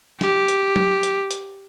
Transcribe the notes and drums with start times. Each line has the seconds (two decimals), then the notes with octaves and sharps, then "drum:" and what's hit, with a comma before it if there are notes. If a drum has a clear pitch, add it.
0.21 G4, drum: snare
0.48 drum: hi-hat
0.76 drum: tom F#3
1.03 drum: hi-hat
1.31 drum: hi-hat